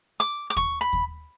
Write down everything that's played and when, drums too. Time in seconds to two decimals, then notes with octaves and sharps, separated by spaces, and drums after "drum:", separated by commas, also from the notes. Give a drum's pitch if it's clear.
0.20 D6
0.50 D6
0.56 C#6, drum: kick D#2
0.81 B5
0.93 drum: kick D#2